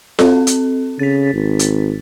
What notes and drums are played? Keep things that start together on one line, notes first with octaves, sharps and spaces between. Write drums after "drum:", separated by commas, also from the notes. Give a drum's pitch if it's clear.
C4 A4, drum: snare F4
drum: hi-hat
C#3 A6 B6
G#1
drum: hi-hat